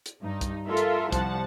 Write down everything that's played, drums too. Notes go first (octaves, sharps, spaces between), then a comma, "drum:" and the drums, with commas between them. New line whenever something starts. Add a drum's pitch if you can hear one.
drum: hi-hat
G2 D#4
drum: kick, hi-hat
F4 A4 A#4 E5
drum: hi-hat
C2 F3 F#5 A5, drum: kick, hi-hat